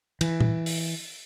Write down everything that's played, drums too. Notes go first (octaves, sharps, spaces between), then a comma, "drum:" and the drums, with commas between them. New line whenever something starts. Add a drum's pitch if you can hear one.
E3, drum: cymbal
drum: tom A#2
drum: open hi-hat